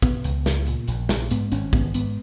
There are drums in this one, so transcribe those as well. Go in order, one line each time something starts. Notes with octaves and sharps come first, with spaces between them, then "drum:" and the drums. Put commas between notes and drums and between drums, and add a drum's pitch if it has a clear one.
B2 B3, drum: kick, hi-hat
C#2, drum: hi-hat
C#2, drum: snare
A#2, drum: hi-hat
A#1, drum: hi-hat
A#1, drum: snare
G#2 B3, drum: hi-hat
G#1 C#4, drum: hi-hat
G#1 B3, drum: kick
G#2 B3, drum: hi-hat